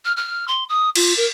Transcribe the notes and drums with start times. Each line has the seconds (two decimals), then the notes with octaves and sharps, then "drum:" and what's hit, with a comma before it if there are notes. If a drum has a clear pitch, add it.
0.05 F6
0.17 F6
0.48 C6
0.69 D#6
0.95 F4, drum: cymbal
1.17 A#4